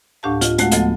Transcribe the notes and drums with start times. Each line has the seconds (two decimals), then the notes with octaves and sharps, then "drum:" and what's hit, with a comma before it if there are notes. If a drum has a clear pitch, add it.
0.23 D2 A2 D4 G4 F5 A5
0.41 F4 D#5, drum: hi-hat
0.58 G#3 A3 F#4 F5 F#5, drum: hi-hat
0.71 D2 F3 A3 B3 A4 D#5, drum: hi-hat